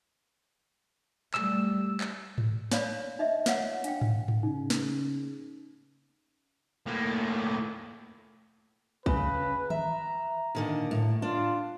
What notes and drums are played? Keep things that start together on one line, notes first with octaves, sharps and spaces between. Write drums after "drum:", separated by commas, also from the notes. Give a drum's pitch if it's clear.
G3 A3 E6, drum: clap
drum: clap
drum: tom G#2
D#4 C#5 D5 F5 B5, drum: snare
D#4 D#5 E5
F4 C#5 F5 F#5, drum: snare
D4 F5 G5, drum: hi-hat
drum: tom G#2
drum: tom G#2
C#3 D#4
drum: snare
A2 A#3
C#3 B4, drum: kick
E5 A#5, drum: tom D#3
A#2 D3 D#3
A2
D4 F4